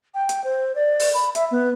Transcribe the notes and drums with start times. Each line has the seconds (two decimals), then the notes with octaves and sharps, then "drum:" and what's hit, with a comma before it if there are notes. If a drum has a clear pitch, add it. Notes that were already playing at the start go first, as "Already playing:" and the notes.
0.14 G5
0.29 drum: hi-hat
0.44 C5
0.75 D5
1.00 drum: open hi-hat
1.14 B5
1.35 E5, drum: hi-hat
1.51 B3